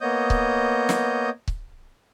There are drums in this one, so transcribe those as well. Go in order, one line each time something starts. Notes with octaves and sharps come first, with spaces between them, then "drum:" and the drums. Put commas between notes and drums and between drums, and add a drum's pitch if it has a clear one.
A#3 B3 C#5 D#5 D#6 G6
drum: kick C#1
drum: snare
drum: kick C#1